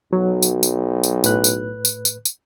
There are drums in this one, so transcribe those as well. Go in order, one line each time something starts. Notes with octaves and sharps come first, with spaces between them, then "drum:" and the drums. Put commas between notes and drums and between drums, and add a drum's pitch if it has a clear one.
B1 F#3
drum: tambourine
drum: tambourine
drum: tambourine
A2 B4 F#6, drum: tambourine
drum: tambourine
drum: tambourine
drum: tambourine
drum: tambourine